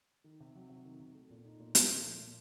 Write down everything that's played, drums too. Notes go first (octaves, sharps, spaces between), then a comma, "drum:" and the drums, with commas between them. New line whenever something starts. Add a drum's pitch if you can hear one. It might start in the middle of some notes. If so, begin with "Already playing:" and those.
D#3
C3
F#3
C3
D#3
C3
A3
A#2
D#4
A#2
A3, drum: hi-hat
A#2
F3
A#2